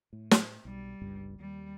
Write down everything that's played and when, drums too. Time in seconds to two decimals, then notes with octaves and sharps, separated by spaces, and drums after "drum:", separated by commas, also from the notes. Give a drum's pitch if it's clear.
0.13 A2
0.31 drum: snare
0.65 B1 G3
1.01 G1 C#2 G2
1.40 D#2 G3